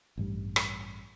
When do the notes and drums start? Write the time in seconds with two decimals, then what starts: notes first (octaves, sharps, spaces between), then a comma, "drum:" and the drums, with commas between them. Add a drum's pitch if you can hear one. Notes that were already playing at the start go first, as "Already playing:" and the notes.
0.18 A1 G2 G3
0.56 drum: rim click